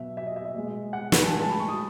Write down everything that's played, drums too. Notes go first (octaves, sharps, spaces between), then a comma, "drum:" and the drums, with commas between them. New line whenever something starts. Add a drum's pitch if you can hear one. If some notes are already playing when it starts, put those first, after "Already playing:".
Already playing: B2 F#3 E5
E5
D#5
E5
D#5
B2 G#3
F#5
drum: snare
A5
A2 G#3 G#5
A5
B5
C#6
D#6